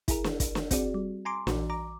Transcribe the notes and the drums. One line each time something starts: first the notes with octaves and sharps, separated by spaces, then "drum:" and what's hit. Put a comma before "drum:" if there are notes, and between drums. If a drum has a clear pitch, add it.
E4 G#4 A#4, drum: kick, hi-hat
drum: snare
drum: kick, hi-hat
drum: snare
C4 F#4 G#4 D5, drum: kick, hi-hat
G3
G#5 A#5 C6 D6
A#1 E3 F#4, drum: snare
A#5 D6